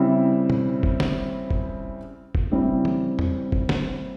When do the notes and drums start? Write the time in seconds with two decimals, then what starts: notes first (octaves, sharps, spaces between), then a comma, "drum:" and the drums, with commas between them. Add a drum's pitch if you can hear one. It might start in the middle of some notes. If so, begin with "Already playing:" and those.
Already playing: C#3 G3 C4 E4
0.50 drum: tom
0.83 drum: kick
1.00 drum: snare
1.50 drum: kick
2.35 drum: kick
2.52 C#3 G3 C4 E4
2.85 drum: tom
3.19 drum: tom E2
3.52 drum: kick
3.69 drum: snare